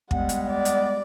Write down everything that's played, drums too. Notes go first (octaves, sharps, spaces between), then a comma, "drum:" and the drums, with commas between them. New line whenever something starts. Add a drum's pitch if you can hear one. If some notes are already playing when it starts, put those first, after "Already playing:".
G3 G#3 B3 F#5, drum: kick
drum: hi-hat
D5
drum: hi-hat